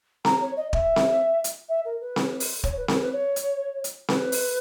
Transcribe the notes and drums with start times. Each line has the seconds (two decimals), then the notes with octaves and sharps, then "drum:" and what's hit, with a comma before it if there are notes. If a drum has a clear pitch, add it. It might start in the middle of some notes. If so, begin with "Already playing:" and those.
0.25 A#5, drum: snare C4
0.40 C#5
0.56 D#5
0.73 E5, drum: kick
0.96 drum: snare C4
1.44 drum: hi-hat
1.69 E5
1.84 A#4
2.00 B4
2.16 drum: snare C4
2.40 drum: open hi-hat
2.64 C#5, drum: kick
2.77 B4
2.88 A#4, drum: snare C4
3.01 B4
3.12 C#5
3.36 drum: hi-hat
3.84 drum: hi-hat
4.09 B4, drum: snare C4
4.32 drum: open hi-hat